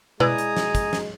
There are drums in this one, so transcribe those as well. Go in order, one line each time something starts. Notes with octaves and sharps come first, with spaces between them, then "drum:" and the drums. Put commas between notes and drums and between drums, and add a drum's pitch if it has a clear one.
G#3 E4 B4 D5 G#5 A#5 D#6, drum: tom B2
drum: hi-hat
drum: snare
drum: kick, hi-hat
drum: snare